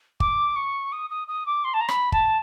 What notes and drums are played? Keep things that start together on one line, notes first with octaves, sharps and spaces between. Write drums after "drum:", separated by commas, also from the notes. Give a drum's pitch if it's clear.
D6, drum: kick
C#6
D#6
D#6
D#6
D6
C6
A5
A#5
B5, drum: rim click
A5, drum: kick